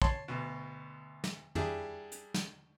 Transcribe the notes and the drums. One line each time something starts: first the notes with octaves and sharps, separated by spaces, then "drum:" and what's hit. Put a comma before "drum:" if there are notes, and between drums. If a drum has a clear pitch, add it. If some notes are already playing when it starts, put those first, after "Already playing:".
C#5 A5 C6, drum: kick
D2 B2
drum: snare
G3 D4 E4 G#4, drum: tom
drum: hi-hat
drum: snare